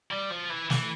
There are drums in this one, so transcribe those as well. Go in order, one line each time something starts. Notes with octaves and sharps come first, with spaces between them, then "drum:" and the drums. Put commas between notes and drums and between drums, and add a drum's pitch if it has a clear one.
G3
F3
E3
E3, drum: snare